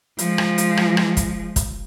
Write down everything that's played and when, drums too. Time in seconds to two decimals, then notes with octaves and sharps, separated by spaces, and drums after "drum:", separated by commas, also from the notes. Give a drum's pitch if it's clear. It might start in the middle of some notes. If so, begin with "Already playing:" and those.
0.19 F3 G#3, drum: hi-hat
0.38 drum: rim click
0.58 drum: hi-hat
0.77 drum: rim click
0.97 drum: rim click
1.17 drum: kick, hi-hat
1.56 drum: kick, hi-hat